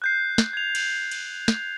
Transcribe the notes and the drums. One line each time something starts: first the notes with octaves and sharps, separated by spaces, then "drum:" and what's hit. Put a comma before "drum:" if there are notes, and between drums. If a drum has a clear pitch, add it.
F#6 G6 C7
drum: snare
G#6 F7
drum: cymbal
drum: cymbal
drum: snare